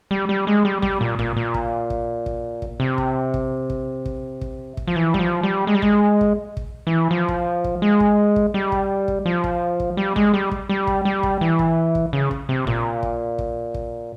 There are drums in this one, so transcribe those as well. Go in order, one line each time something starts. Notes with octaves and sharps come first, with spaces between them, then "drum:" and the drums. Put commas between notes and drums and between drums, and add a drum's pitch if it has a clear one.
G3
G3
G#3
G3
G3, drum: kick
A#2
A#2, drum: kick
A#2
drum: kick
drum: kick
drum: kick
drum: kick
C3
drum: kick
drum: kick
drum: kick
drum: kick
drum: kick
drum: kick
F3
E3
G3, drum: kick
F3
G3
G#3
G3
G#3, drum: kick
drum: kick
drum: kick
E3
F3
drum: kick
drum: kick
G#3
drum: kick
drum: kick
G3
drum: kick
drum: kick
F3
drum: kick
drum: kick
G3
G#3, drum: kick
G3
drum: kick
G3
drum: kick
G3
drum: kick
E3
drum: kick
drum: kick
C#3
drum: kick
C3
A#2, drum: kick
drum: kick
drum: kick
drum: kick